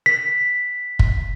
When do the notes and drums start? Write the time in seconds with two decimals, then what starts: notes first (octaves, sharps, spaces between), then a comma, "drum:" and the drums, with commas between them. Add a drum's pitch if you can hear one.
0.06 B6
0.99 drum: kick